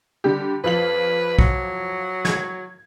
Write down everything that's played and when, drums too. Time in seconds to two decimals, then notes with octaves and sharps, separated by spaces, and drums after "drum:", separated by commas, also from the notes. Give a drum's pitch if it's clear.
0.24 D3 G3 G4
0.64 F2 F4 B4 F#7
1.39 F#3, drum: kick
2.25 G#6, drum: snare